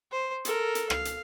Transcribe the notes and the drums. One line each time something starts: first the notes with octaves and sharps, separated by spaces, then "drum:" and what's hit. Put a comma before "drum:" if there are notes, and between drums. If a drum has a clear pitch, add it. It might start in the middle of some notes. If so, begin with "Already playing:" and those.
C5
A4 A#4, drum: hi-hat
drum: hi-hat
F5, drum: rim click
drum: hi-hat